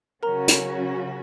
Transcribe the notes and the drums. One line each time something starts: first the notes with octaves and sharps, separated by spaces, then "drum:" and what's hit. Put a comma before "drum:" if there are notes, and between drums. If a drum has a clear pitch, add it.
C#3 F#3 C#4 F#4 A#4 A#5
drum: hi-hat